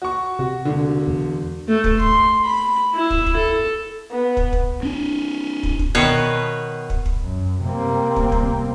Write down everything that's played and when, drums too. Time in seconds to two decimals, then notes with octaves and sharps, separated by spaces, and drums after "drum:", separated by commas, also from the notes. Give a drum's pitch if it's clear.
0.02 F#4 C#6
0.39 C3 F#4
0.65 E1 D3
1.08 E2
1.68 A3
1.84 drum: kick
1.99 C6, drum: kick
2.44 B5
2.94 E4
3.10 drum: kick
3.26 drum: kick
3.37 A4
4.12 B3
4.37 drum: kick
4.53 drum: kick
4.83 C4 D4
5.63 drum: kick
5.79 drum: kick
5.95 B2 D#3 B4 C#5
6.90 drum: kick
7.06 drum: kick
7.21 F#2
7.64 C3 G3 A#3 C4
8.16 drum: kick
8.32 drum: kick